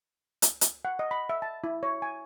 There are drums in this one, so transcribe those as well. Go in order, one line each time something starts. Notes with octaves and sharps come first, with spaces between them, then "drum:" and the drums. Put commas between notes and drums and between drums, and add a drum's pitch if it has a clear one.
drum: hi-hat
drum: hi-hat
F#5
D#5
B5
E5
A5
E4
C#5
G#5